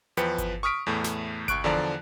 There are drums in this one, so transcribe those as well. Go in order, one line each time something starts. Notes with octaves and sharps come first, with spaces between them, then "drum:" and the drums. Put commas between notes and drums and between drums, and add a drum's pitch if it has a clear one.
E2 F3 B4 G5 C#7, drum: hi-hat
drum: kick G1, hi-hat
C#6 D#6 F6 B6 D7
E2 A2 A3
drum: snare
C#2 C#6 F#6 D7, drum: kick G1, hi-hat
E2 D3 F3 D5 A5 A#5